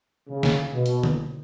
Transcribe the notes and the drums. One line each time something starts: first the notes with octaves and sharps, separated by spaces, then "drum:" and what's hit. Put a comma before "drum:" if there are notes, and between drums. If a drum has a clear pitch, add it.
C#3
drum: snare
B2
drum: hi-hat
drum: tom D3